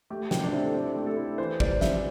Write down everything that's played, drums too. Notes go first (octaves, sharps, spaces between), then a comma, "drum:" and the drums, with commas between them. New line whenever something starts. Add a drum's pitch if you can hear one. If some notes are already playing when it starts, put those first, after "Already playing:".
A3 G4
C3 G5, drum: snare
D4
C4 E4
A4
C4 G4
A3 G4
A4
E4
E3 C5
C3 D5, drum: kick
G3 E5, drum: snare